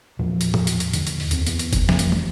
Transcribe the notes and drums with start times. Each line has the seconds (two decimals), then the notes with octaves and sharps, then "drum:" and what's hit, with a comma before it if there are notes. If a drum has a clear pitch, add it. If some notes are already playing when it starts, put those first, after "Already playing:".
0.19 E2 A#2 F3
0.41 drum: hi-hat
0.54 drum: tom A2
0.67 drum: hi-hat
0.80 drum: hi-hat
0.93 E2 D3, drum: hi-hat
1.07 drum: hi-hat
1.20 drum: open hi-hat
1.31 D#2 C4, drum: hi-hat
1.47 E2 B3, drum: hi-hat
1.59 drum: hi-hat
1.73 drum: kick F#1, hi-hat
1.89 F2 C#3 E3 A#3, drum: snare
1.99 drum: hi-hat
2.12 drum: tom